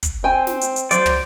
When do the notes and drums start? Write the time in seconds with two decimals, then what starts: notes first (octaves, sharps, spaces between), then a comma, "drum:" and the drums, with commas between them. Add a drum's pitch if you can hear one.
0.03 drum: kick, hi-hat
0.24 C4 G5 G#5
0.47 drum: snare
0.62 drum: hi-hat
0.76 drum: hi-hat
0.91 F#3 C5 D5, drum: hi-hat
1.06 drum: tom